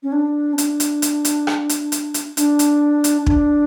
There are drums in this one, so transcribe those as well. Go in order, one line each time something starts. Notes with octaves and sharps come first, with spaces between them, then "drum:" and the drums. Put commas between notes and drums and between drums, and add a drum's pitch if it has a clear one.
C#4
D4
C#4
D4, drum: hi-hat
drum: hi-hat
drum: hi-hat
drum: hi-hat
drum: rim click
drum: hi-hat
drum: hi-hat
drum: hi-hat
D4, drum: hi-hat
drum: hi-hat
drum: hi-hat
D4, drum: kick